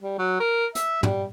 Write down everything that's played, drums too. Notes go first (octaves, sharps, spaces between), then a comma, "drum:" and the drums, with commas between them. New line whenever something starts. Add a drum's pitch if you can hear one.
G3
F#3
A#4
E5, drum: hi-hat
G3, drum: tom